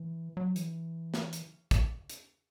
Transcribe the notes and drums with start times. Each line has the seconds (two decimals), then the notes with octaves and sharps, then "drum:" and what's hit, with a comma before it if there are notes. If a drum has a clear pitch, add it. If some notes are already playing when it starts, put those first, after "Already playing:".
Already playing: E3
0.37 F#3
0.56 E3, drum: hi-hat
1.14 drum: snare
1.33 drum: hi-hat
1.71 drum: kick, hi-hat
2.10 drum: hi-hat